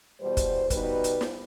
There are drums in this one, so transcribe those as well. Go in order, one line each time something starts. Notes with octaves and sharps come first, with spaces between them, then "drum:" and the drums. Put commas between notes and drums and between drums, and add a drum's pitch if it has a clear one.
E2 B2 G3 C5
drum: kick, hi-hat
B2 G3 D#4 B4, drum: kick, hi-hat
drum: hi-hat
drum: snare